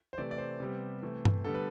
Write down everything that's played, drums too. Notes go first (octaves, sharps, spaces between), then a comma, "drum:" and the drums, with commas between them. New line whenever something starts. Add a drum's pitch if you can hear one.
C5
C3 E3 A3 D5
D5
C5
C3 G3 B3
C3 E3 A3
drum: tom G2
D3 G3 B3 A4
B4